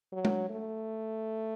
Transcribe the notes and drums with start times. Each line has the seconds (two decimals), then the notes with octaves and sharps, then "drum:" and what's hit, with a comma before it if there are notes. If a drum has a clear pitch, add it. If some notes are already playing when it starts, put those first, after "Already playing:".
0.12 F#3
0.25 drum: tom G#3
0.50 A3